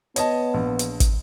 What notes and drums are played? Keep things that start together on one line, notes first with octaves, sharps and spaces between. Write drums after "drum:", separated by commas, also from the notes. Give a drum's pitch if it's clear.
B3 C#5 D#5 A5, drum: hi-hat
A#1
drum: hi-hat
drum: kick, hi-hat